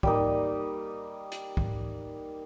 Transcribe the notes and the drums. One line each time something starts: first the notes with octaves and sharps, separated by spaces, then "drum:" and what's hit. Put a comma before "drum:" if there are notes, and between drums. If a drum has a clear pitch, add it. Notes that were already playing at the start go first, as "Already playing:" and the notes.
G3 A#3 D#4, drum: kick
drum: hi-hat
drum: kick